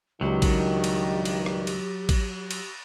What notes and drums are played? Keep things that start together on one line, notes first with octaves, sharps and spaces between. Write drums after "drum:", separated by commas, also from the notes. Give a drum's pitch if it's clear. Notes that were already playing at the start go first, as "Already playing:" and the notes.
C#2 G2 D#3 F#3 G4
drum: kick A1, cymbal
drum: cymbal
drum: cymbal
drum: rim click
drum: cymbal
drum: kick A1, cymbal
drum: cymbal